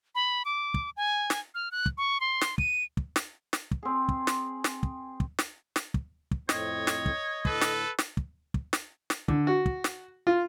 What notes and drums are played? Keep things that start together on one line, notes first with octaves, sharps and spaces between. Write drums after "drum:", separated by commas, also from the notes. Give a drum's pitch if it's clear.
B5
D6
drum: kick
G#5
drum: snare
F6
F#6
drum: kick
C#6
C6
drum: snare
D#7, drum: kick
drum: kick
drum: snare
drum: snare
drum: kick
C4 G#4
drum: kick
drum: snare
drum: snare
drum: kick
drum: kick
drum: snare
drum: snare
drum: kick
drum: kick
F2 A2 C4 C#5 D#5, drum: snare
drum: snare
drum: kick
A2 D3 A4 B4, drum: kick
drum: snare
drum: snare
drum: kick
drum: kick
drum: snare
drum: snare
D3, drum: kick
F#4
drum: kick
drum: snare
F4